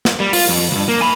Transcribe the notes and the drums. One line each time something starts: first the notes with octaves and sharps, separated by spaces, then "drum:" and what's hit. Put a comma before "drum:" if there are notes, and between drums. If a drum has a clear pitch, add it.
drum: snare
G3
F4, drum: open hi-hat
F2
C#2 G2
A#3
G#5 B5